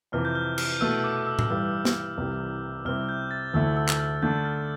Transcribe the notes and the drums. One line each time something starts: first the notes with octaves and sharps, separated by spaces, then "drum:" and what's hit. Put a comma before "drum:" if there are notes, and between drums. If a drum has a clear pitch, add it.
F2 C3 E3 F6
G6
F6
F6, drum: cymbal
B2 A3 E4 E6
D6
E6
drum: tom A2
G2 E3 G3 E6
drum: snare
C2 C3 E3 G3
C3 G3 C4 E4 F6
G6
A6
D2 D3 A3 E4 E6
E6
drum: clap
F6
D3 A3 D4 G6
F6